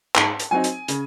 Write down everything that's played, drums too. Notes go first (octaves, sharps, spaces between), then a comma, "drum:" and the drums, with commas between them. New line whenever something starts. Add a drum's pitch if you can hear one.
G#2 A5, drum: clap
drum: hi-hat
F#3 C4 D#4 G#5
drum: hi-hat
C#3, drum: hi-hat